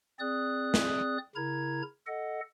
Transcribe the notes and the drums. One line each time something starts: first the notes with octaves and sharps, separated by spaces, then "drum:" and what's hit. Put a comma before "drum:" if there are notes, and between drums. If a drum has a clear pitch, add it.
C4 G#4 D5 D#6 F#6
drum: snare
C#3 E4 A#4 A#5 G#6
A4 D#5 F#5